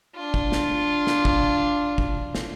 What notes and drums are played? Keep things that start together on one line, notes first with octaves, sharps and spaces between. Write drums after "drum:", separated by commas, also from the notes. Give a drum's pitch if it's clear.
D4 F4
drum: kick
drum: snare
drum: snare
drum: kick
drum: kick
drum: snare